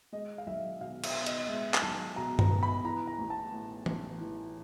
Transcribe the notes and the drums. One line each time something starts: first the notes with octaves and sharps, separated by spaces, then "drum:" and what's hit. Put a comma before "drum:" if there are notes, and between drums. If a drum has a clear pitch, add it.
G#3 D#5
F5
B1 E5
B2 F5
E5, drum: cymbal
B3
D#5, drum: hi-hat
D#5
G#3 E5
G#5, drum: clap
B1 A5
B2 A#5
A#5, drum: tom G2
B3
B5
E3 A#5
A#5
A1
A5
A2
A1, drum: tom
E3